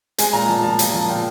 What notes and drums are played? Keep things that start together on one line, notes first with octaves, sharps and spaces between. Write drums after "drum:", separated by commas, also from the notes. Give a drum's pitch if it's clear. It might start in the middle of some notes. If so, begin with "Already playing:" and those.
G#3 G#5, drum: hi-hat
A#2 A#5
F3 A5
F3 A5
A#2 A#5, drum: hi-hat
F3 A5
A#2 G5